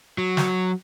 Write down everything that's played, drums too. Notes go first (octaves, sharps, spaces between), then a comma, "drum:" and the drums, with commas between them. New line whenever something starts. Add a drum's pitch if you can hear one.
F#3
drum: snare